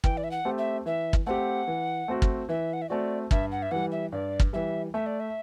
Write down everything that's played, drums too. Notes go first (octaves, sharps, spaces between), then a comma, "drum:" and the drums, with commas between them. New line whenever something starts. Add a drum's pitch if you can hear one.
E3 G5, drum: kick
D5
E5
F#5
A3 C4 G4
E5
E3 E5
drum: kick
A3 C4 G4 F#5
E3
A3 C4 F#4
drum: kick
E3 E5
F#5
E5
A3 C4 F#4 D5
G2 E5, drum: kick
F#5
E5
E3 G3 F#5
E5
G2 D5
drum: kick
E3 G3 E5
A3 E5
D5
E5